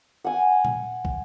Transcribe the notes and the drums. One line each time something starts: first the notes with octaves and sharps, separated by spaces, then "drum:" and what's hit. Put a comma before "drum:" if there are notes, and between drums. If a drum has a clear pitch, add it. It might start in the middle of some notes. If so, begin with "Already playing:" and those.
F#5 G#5
drum: tom A#2
drum: kick